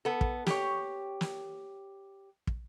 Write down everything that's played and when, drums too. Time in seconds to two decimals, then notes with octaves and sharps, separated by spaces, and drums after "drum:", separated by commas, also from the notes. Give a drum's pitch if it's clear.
0.05 B3 A4
0.21 drum: kick
0.46 G4 C#5, drum: snare
1.21 drum: snare
2.47 drum: kick